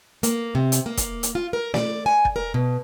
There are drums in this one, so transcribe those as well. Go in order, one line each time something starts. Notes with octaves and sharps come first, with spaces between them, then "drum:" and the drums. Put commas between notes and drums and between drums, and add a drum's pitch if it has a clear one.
A#3, drum: hi-hat
C3
drum: hi-hat
A#3
drum: kick, hi-hat
drum: hi-hat
F4
A#4
D5, drum: snare
G#5
drum: kick
A#4
B2